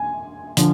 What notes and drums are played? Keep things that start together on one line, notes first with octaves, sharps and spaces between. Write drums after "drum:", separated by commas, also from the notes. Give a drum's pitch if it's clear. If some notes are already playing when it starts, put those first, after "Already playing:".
Already playing: G#5
D3 F3, drum: hi-hat